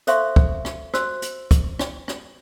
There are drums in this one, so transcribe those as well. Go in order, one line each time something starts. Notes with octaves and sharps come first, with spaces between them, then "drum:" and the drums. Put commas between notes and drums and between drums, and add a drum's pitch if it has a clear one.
A4 C5 E5 F5 C6 C#6, drum: hi-hat
drum: kick
drum: rim click
F#4 C5 C6 E6, drum: rim click
drum: hi-hat
drum: kick, hi-hat
drum: rim click
drum: rim click